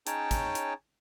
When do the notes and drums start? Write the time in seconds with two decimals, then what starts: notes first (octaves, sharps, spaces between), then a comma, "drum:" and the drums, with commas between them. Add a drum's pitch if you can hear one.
0.07 C#4 D#4 G#4 C#5 G5 A5, drum: hi-hat
0.31 drum: kick, hi-hat
0.55 drum: hi-hat